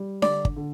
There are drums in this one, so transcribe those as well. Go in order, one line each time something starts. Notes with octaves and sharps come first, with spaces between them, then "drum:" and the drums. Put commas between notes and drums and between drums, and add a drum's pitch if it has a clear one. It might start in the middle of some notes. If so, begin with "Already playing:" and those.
Already playing: G3
D3 D5, drum: snare D4
drum: kick
D3